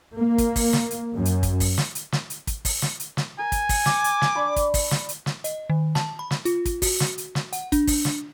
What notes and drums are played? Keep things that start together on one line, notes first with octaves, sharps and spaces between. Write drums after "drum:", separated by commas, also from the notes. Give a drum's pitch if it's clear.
A#3
drum: kick, hi-hat
drum: kick, open hi-hat
drum: snare
drum: hi-hat
F#2
drum: hi-hat
drum: kick, hi-hat
drum: kick, open hi-hat
drum: snare
drum: hi-hat
drum: snare
drum: hi-hat
drum: kick, hi-hat
drum: kick, open hi-hat
drum: snare
drum: hi-hat
drum: snare
A#4 G#5
drum: kick, hi-hat
drum: kick, open hi-hat
D6, drum: snare
drum: hi-hat
drum: snare
D4 B5 C#6
drum: kick, hi-hat
drum: kick, open hi-hat
drum: snare
drum: hi-hat
drum: snare
D#5, drum: hi-hat
D#3
A5, drum: snare
B5
drum: snare
F4, drum: hi-hat
drum: kick, hi-hat
F#4, drum: kick, open hi-hat
drum: snare
drum: hi-hat
drum: snare
F#5, drum: hi-hat
D4, drum: kick, hi-hat
drum: kick, open hi-hat
drum: snare